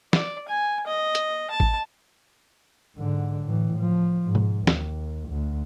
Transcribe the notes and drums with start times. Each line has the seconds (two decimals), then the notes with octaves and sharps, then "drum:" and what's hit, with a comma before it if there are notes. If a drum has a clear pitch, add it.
0.13 D5, drum: snare
0.48 G#5
0.86 D#5
1.15 drum: hi-hat
1.50 A5
1.60 drum: kick G#1
2.97 G#2 D3
3.44 A2 E3
3.79 F3
4.25 G#2
4.35 drum: tom B2
4.67 D#2, drum: snare
5.29 D2